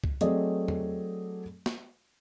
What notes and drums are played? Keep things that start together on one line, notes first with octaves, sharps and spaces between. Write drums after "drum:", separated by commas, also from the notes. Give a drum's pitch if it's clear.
drum: kick
F#3 A3 C4 G#4 D5 D#5, drum: hi-hat
drum: tom E2
drum: snare